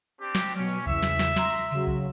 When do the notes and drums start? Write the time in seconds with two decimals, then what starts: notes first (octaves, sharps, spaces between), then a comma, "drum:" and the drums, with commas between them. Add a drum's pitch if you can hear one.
0.21 C4 D4 G4
0.35 drum: snare
0.55 B2 F#3 C#4
0.69 drum: tambourine
0.87 E2 C#3 E5 E7, drum: kick C2
1.02 drum: snare
1.19 drum: snare
1.36 A#5 C6, drum: snare
1.71 C#3 F#3, drum: tambourine
1.87 drum: kick C2